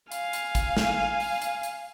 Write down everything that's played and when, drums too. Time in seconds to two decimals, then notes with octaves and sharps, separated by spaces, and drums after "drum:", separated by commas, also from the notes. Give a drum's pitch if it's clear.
0.12 F5 G#5, drum: hi-hat
0.33 drum: hi-hat
0.55 drum: kick, hi-hat
0.77 drum: snare
1.20 drum: open hi-hat
1.42 drum: hi-hat
1.63 drum: hi-hat